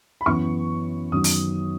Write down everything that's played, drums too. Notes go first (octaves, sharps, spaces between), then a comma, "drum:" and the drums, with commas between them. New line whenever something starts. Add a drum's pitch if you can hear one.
B5
F#2 E3 B3 C#6
F#2 D#3 F#3 B3 D#6
drum: open hi-hat